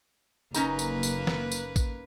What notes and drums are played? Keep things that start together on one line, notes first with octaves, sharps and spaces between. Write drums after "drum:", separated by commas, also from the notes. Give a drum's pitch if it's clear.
F#1 A#3 C#4 D#4 B4 A#5, drum: tambourine
drum: tambourine
drum: tambourine
drum: snare
drum: tambourine
drum: kick, tambourine